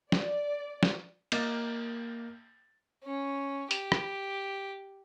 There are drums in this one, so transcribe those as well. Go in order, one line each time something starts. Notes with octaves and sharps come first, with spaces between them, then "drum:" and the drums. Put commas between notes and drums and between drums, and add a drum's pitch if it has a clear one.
D5, drum: snare
drum: snare
A#3 D#5 D6 A6, drum: cymbal
C#4
G4, drum: hi-hat
drum: rim click